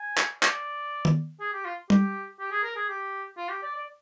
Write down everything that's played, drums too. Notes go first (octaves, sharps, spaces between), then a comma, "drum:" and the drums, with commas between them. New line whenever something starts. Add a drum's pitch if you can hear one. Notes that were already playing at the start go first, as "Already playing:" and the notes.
Already playing: G#5
drum: clap
D5, drum: clap
drum: tom D#3
G#4
G4
F4
G4, drum: tom G3
G4
G#4
A#4
G#4
G4
F4
G4
D5
D5